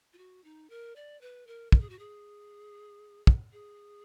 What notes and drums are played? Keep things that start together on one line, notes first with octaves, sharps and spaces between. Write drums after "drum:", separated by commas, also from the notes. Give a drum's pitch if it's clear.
F4
F#4
D#4
A#4
D5
B4
A#4
A#4, drum: kick
G#4
F#4
G#4
drum: kick
G#4